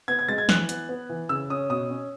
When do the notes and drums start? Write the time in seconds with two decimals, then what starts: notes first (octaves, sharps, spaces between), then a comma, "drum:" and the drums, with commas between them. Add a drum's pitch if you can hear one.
0.08 B3 G#6
0.19 G#6
0.28 G#3 A6
0.38 G#6
0.49 E3 F#6, drum: snare
0.69 B3, drum: hi-hat
0.89 B3
1.09 E3
1.29 C#3 E6
1.50 C#4 D#6
1.70 B2 D#6
1.90 C#4